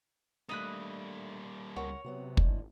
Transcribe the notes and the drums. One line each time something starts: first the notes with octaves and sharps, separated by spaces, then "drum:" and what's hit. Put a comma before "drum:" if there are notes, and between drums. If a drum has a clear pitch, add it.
G3 A3 A#3 D4 D#5 B5 F#6
C#2 A#4 C#5 F#5
C3 F#3 B3 F#4
G#1 A2 D3 G#3, drum: kick